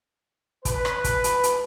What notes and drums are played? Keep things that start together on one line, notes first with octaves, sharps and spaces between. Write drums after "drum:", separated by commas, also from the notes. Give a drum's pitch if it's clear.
B4, drum: kick, hi-hat
drum: rim click
drum: kick, hi-hat
drum: hi-hat
drum: hi-hat